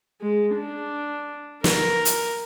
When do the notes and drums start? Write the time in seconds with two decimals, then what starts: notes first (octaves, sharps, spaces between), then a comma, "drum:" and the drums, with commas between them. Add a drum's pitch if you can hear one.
0.21 G#3
0.56 D4
1.64 A#4, drum: snare
2.05 drum: hi-hat